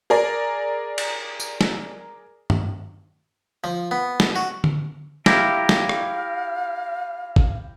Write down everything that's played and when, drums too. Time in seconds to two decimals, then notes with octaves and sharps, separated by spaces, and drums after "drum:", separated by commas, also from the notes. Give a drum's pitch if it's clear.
0.10 G#4 A#4 D5
0.98 drum: cymbal
1.40 drum: tambourine
1.61 drum: snare
2.50 drum: tom G2
3.64 F3
3.91 B3
4.20 drum: snare
4.36 F#4
4.64 drum: tom
5.26 E4 G4 A#4 F5, drum: snare
5.69 drum: snare
5.89 drum: rim click
7.36 drum: kick G#1